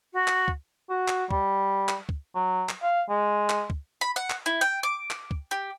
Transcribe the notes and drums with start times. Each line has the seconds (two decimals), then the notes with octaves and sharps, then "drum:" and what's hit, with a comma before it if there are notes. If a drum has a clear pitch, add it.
0.13 F#4
0.28 drum: clap
0.48 drum: kick
0.90 F#4
1.08 drum: clap
1.31 G3, drum: kick
1.89 drum: clap
2.09 drum: kick
2.35 F#3
2.69 drum: clap
2.83 F5
3.09 G#3
3.50 drum: clap
3.70 drum: kick
4.01 B5
4.16 F#5
4.30 drum: clap
4.46 E4
4.61 G5
4.83 D6
5.11 drum: clap
5.31 drum: kick
5.51 G4